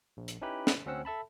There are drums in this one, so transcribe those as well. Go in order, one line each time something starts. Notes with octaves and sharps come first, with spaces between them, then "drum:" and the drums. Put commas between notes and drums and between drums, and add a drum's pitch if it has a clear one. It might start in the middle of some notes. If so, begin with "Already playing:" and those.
A#1
drum: hi-hat
C#4 D#4 E4 G4 B4 B5
drum: snare
D2 C4 C#4 F#5 E6
A4 E5 A5 B5